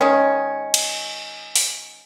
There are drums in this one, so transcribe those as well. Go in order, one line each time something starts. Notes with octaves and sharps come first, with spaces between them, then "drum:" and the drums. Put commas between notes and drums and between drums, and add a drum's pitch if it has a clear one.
D#3 G#3 C#4
drum: cymbal
drum: open hi-hat